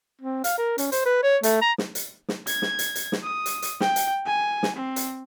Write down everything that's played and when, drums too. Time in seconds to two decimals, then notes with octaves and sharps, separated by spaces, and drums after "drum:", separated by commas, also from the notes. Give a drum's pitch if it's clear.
0.21 C4
0.44 F5, drum: hi-hat
0.58 A#4
0.78 C#4, drum: hi-hat
0.92 C5, drum: hi-hat
1.06 B4
1.23 C#5
1.43 A3, drum: hi-hat
1.61 A#5
1.78 drum: snare
1.95 drum: hi-hat
2.28 drum: snare
2.47 G#6, drum: hi-hat
2.62 drum: snare
2.79 drum: hi-hat
2.95 drum: hi-hat
3.12 drum: snare
3.23 D#6
3.46 drum: hi-hat
3.62 drum: hi-hat
3.80 G5, drum: snare
3.96 drum: hi-hat
4.26 G#5
4.63 drum: snare
4.76 C4
4.96 drum: hi-hat